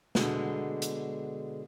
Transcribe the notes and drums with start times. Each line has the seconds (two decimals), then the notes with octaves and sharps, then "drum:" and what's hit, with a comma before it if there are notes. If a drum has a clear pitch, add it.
0.15 B2 D3 G#3, drum: snare
0.82 drum: hi-hat